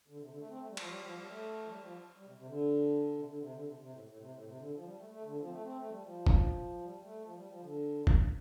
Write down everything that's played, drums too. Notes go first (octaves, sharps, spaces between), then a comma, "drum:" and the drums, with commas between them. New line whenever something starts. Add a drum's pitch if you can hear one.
D3
C3
D3
A3
C4
A3
G3
F3, drum: cymbal
G3
F3
G3
A3
F3
G3
F3
G3
C3
C3
D3
C3
D3
C3
D3
C3
C3
A2
A2
C3
A2
C3
D3
F3
G3
A3
A3
D3
F3
C4
A3
C4
A3
F3
G3
F3
drum: kick
G3
A3
F3
G3
F3
D3
drum: kick